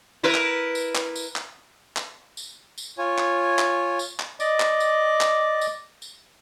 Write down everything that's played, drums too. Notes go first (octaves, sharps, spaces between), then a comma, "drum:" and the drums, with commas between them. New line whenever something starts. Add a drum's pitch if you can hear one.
E4 A#4 B4
drum: clap
drum: tambourine
drum: clap
drum: tambourine
drum: clap
drum: clap
drum: tambourine
drum: tambourine
F4 C#5 G#5
drum: clap
drum: clap
drum: tambourine
drum: clap
D5 D#5 D6, drum: tambourine
drum: clap
drum: tambourine
drum: clap
drum: tambourine
drum: tambourine